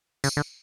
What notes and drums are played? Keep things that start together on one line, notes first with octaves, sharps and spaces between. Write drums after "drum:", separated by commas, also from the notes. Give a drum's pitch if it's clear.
C#3, drum: tambourine
D3